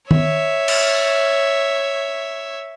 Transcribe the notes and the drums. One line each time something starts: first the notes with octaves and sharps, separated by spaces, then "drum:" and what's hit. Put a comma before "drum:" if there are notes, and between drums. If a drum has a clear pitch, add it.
C#5 E5, drum: tom D#3
drum: cymbal